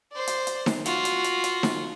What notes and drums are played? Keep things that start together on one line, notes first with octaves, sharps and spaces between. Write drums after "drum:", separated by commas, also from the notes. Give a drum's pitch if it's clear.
C5 D5
drum: hi-hat
drum: hi-hat
drum: snare D#4
F4 F#4, drum: hi-hat
drum: hi-hat
drum: hi-hat
drum: hi-hat
drum: snare D#4